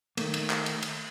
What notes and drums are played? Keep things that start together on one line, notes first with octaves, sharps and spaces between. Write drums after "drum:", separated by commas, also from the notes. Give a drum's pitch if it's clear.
D#3 A3 A#3, drum: cymbal
drum: cymbal
drum: clap
drum: cymbal
drum: cymbal